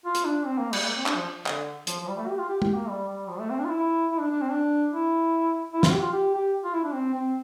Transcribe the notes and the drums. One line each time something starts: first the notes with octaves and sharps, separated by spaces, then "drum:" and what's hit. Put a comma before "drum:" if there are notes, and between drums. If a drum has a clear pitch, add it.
F4
drum: hi-hat
D4
C4
A#3
G3, drum: cymbal
A#3
C4
D4, drum: clap
F3
D3, drum: clap
F3, drum: hi-hat
F3
G3
A3
G4
F4
G4
G4, drum: tom
A#3
G3
G3
F3
A3
C4
D4
F4
E4
E4
D4
D4
C4
D4
E4
E4
F4, drum: snare
G4
F4
G4
G4
F4
E4
D4
C4
C4